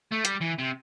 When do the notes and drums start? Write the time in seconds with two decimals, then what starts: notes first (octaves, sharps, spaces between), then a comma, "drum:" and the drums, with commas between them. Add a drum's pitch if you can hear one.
0.12 A3
0.25 G3, drum: hi-hat
0.41 E3
0.59 C3